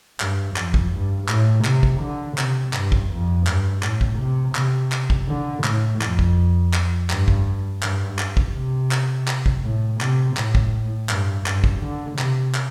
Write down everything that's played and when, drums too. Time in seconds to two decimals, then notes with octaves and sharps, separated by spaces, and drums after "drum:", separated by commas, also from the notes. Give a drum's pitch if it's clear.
0.20 G2, drum: clap
0.56 F2, drum: clap
0.74 drum: kick
0.92 G2
1.28 A2, drum: clap
1.64 C3, drum: clap
1.83 drum: kick
2.01 D3
2.38 C3, drum: clap
2.73 G2, drum: clap
2.92 drum: kick
3.11 F2
3.47 G2, drum: clap
3.83 A2, drum: clap
4.01 drum: kick
4.19 C3
4.55 C3, drum: clap
4.92 drum: clap
5.10 drum: kick
5.27 D3
5.64 A2, drum: clap
6.01 F2, drum: clap
6.19 drum: kick
6.73 drum: clap
7.10 G2, drum: clap
7.28 drum: kick
7.83 G2, drum: clap
8.19 drum: clap
8.37 drum: kick
8.54 C3
8.91 drum: clap
9.28 drum: clap
9.46 drum: kick
9.63 A2
10.01 C3, drum: clap
10.37 A2, drum: clap
10.55 drum: kick
11.09 G2, drum: clap
11.46 G2, drum: clap
11.64 drum: kick
11.81 D3
12.19 C3, drum: clap
12.54 drum: clap